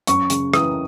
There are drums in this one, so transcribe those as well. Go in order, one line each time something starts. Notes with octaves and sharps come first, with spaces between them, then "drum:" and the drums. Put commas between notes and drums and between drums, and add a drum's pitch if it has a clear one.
F#2 C#6, drum: hi-hat
C#3, drum: hi-hat
E3 D#6, drum: rim click